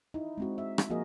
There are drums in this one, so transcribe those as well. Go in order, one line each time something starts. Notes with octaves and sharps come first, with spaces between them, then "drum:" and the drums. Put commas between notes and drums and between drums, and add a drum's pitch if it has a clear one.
D#4 E4
G#3 C4 F#4
E5
drum: rim click
F3 A#3 F#4 G#4 A#4 D#5